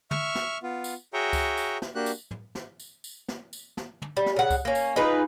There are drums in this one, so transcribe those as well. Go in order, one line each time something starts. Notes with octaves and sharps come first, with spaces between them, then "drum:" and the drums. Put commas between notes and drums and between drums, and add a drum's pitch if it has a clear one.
E5 C#6 F6, drum: tom
drum: snare
B3 F4
drum: tambourine
F#4 G#4 C#5 E5 G5 A#5
drum: kick C#2, tambourine
drum: tambourine
drum: snare
A#3 D4 F#4 G4 F#6
drum: tambourine
drum: tom
drum: snare
drum: tambourine
drum: tambourine
drum: snare
drum: tambourine
drum: snare
drum: tom
G3
drum: snare
C#3 F#5
drum: kick C#2, tambourine
A#3 C#4
drum: tambourine
D#4 F4 G#4 B4